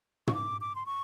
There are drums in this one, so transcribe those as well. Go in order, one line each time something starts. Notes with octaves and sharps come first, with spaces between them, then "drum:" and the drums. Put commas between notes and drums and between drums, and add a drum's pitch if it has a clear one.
C#6, drum: tom
D6
D6
C6
C#6